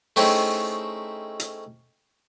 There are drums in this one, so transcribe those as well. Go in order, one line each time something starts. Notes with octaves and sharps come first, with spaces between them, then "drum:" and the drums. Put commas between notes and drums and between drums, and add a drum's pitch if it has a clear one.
A3 C4 C#4 D#4 E4 G#4, drum: open hi-hat
drum: hi-hat